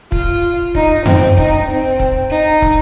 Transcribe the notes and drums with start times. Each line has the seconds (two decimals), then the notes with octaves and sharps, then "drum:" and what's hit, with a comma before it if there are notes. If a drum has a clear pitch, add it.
0.12 F4, drum: kick
0.75 D#4, drum: kick
1.06 C4, drum: tom F2
1.38 D#4, drum: kick
1.68 C4
2.00 drum: kick
2.30 D#4
2.62 drum: kick